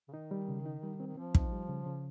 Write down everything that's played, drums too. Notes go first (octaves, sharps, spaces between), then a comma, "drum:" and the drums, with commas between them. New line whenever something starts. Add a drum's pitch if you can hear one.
C#3
D#3 D#4
G3
C#3
D#4
G3
C4
D#3
F3 C4
D#4, drum: kick
G3
C#3
C#3